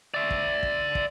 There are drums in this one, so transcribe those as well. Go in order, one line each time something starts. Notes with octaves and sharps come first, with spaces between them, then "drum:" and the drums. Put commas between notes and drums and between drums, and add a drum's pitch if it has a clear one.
D5 E5
drum: kick
drum: kick
drum: kick